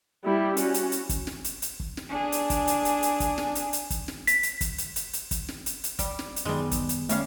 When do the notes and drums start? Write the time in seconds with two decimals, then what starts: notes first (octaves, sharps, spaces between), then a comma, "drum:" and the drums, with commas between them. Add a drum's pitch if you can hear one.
0.24 G3 E4
0.57 C#4 F#4, drum: hi-hat
0.74 drum: hi-hat
0.92 drum: hi-hat
1.09 drum: kick, hi-hat
1.27 drum: snare
1.44 drum: hi-hat
1.62 drum: hi-hat
1.80 drum: kick
1.97 drum: snare
2.09 D4 G#4
2.32 drum: hi-hat
2.50 drum: kick, hi-hat
2.67 drum: hi-hat
2.85 drum: hi-hat
3.03 drum: hi-hat
3.20 drum: kick, hi-hat
3.38 drum: snare
3.55 drum: hi-hat
3.73 drum: hi-hat
3.90 drum: kick, hi-hat
4.08 drum: snare
4.27 B6, drum: hi-hat
4.43 drum: hi-hat
4.61 drum: kick, hi-hat
4.78 drum: hi-hat
4.96 drum: hi-hat
5.13 drum: hi-hat
5.31 drum: kick, hi-hat
5.48 drum: snare
5.66 drum: hi-hat
5.84 drum: hi-hat
5.99 G3, drum: kick, hi-hat
6.19 drum: snare
6.36 drum: hi-hat
6.45 F#2 D#3 G3 G#3 B3
6.71 drum: kick, hi-hat
6.89 drum: hi-hat
7.09 G3 A3 C#4 F5, drum: hi-hat